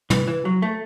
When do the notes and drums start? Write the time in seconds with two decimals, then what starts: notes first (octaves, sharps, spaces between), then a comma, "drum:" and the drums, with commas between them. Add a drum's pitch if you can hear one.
0.10 E3, drum: tom
0.28 E3
0.45 F#3
0.62 A3